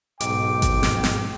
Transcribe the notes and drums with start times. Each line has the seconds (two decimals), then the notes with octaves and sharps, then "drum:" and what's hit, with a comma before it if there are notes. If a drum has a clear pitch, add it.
0.20 B1 G#2 G5 D6, drum: hi-hat
0.62 drum: kick G#1, hi-hat
0.83 drum: snare
1.04 drum: snare